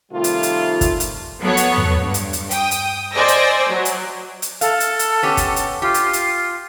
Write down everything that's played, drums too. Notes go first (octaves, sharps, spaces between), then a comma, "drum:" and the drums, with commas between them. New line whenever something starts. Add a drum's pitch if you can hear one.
C3 D#3 G3 A3 F4
drum: hi-hat
drum: hi-hat
drum: kick, hi-hat
drum: hi-hat
F#3 B3 A4 C#5
drum: hi-hat
drum: tom
G2
drum: hi-hat
drum: hi-hat
G5 D#6, drum: hi-hat
drum: hi-hat
C5 D5 D#5 G#5 E6 A#6
drum: hi-hat
F#3
drum: hi-hat
drum: hi-hat
A4 F5, drum: hi-hat
drum: hi-hat
drum: hi-hat
B3 C#4 G4
drum: kick, hi-hat
drum: hi-hat
F4 G4
drum: hi-hat
drum: hi-hat